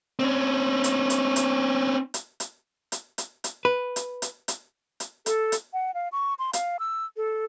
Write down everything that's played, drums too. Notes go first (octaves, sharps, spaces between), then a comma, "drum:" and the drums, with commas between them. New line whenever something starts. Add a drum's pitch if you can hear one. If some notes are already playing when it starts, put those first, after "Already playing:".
C4 C#4
drum: hi-hat
drum: hi-hat
drum: hi-hat
drum: hi-hat
drum: hi-hat
drum: hi-hat
drum: hi-hat
drum: hi-hat
B4
drum: hi-hat
drum: hi-hat
drum: hi-hat
drum: hi-hat
A4, drum: hi-hat
drum: hi-hat
F#5
F5
C#6
C6
F5, drum: hi-hat
E6
A4